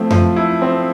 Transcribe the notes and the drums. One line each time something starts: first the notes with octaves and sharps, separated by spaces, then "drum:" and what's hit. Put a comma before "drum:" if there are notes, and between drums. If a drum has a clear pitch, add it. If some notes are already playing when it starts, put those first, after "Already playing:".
Already playing: F3 A3 C4 E4
F3, drum: tom F2
E4
C4